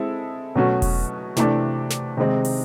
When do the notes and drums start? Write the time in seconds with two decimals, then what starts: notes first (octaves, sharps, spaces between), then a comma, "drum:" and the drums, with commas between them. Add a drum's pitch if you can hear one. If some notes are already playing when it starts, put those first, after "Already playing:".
Already playing: G#3 C4 E4 A4
0.55 B2 F#3 A3 C#4 F#4
0.82 drum: kick E1, open hi-hat
1.37 C3 E3 A3 D4, drum: snare
1.90 drum: snare
2.17 C3 D#3 G#3 C4 D#4
2.45 drum: open hi-hat